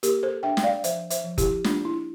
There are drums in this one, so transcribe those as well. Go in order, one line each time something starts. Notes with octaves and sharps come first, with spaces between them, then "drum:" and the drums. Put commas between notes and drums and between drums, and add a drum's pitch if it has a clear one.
A#3 G4 A#4, drum: hi-hat
A4 C5
D4 E5 G5
G5, drum: snare
D5 F5
F3 C5 E5, drum: hi-hat
C5 E5, drum: hi-hat
F3
E4 G4, drum: kick F#1, hi-hat
A#3 D4 F4, drum: snare
E4